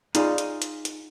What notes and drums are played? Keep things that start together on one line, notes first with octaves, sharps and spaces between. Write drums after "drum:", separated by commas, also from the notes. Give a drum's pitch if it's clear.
D#4 F4 G#4 D5, drum: hi-hat
drum: hi-hat
drum: hi-hat
drum: hi-hat